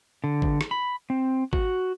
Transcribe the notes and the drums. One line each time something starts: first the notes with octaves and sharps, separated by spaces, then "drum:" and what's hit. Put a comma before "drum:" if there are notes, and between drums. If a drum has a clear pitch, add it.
D3
drum: kick G#1
drum: rim click
B5
C4
F#4, drum: kick G#1